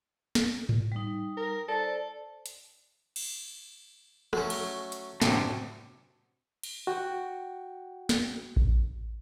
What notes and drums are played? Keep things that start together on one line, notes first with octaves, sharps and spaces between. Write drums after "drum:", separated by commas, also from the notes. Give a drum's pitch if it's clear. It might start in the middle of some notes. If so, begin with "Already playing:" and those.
drum: snare
drum: tom G#2
G3 D#4
A#4
A4 C5 D5
drum: hi-hat
drum: cymbal
F#3 A3 C#4, drum: rim click
drum: cymbal
drum: hi-hat
D2 A2 C3 F#3, drum: snare
drum: cymbal
F#4 F#5 G5
drum: snare
drum: kick A1